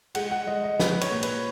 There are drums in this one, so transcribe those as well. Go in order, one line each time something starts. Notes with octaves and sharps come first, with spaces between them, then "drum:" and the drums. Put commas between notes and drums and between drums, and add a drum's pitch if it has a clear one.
G#3 F#5, drum: cymbal
F#5
G#3 D#5
D#5
G#3 B4, drum: snare
C#5, drum: cymbal
A#2
B4, drum: cymbal